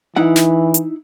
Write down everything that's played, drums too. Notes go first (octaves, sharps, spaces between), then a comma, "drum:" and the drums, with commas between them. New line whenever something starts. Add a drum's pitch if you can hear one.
E3 D#4 E4 F#5
drum: snare
drum: hi-hat